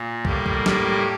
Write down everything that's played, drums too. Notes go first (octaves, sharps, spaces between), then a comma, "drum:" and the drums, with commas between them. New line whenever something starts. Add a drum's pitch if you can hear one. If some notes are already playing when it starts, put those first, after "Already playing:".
Already playing: A#2
A2 G3 A#3 G4, drum: kick
drum: kick
G4, drum: snare